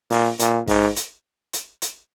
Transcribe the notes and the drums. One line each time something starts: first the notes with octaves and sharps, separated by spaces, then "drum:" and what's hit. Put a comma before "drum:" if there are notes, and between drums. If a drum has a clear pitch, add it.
A#2, drum: open hi-hat
A#2, drum: hi-hat
G#2, drum: kick, open hi-hat
drum: hi-hat
drum: hi-hat
drum: hi-hat